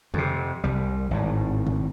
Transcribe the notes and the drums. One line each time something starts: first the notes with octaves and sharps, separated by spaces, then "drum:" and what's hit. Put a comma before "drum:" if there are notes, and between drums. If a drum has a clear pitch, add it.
F2 C3, drum: tom C#3
C2 G3
G#1 A2
drum: tom G#2